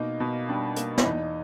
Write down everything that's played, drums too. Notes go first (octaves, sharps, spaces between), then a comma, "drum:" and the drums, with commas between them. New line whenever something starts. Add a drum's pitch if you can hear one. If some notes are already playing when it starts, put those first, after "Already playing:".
Already playing: B2 A#3 D#4
B2
G3 D4
A#3, drum: hi-hat
E4, drum: snare
E2 D#4